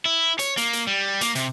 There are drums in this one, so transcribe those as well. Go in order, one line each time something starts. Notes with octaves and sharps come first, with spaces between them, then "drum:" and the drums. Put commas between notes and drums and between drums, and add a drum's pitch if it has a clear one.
E4
C#5, drum: hi-hat
A#3, drum: hi-hat
drum: hi-hat
G3
A#3, drum: hi-hat
C3, drum: hi-hat